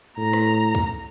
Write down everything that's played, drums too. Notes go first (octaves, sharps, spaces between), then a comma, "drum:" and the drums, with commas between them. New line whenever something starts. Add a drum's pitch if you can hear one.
A2 A#5
drum: rim click
drum: kick